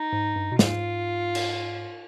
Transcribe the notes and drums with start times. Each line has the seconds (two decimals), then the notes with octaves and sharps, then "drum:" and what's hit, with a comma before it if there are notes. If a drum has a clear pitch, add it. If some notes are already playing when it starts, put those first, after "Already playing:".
Already playing: D#4
0.13 G#2
0.36 G2
0.52 B2
0.59 G#2 F4, drum: snare
1.35 drum: cymbal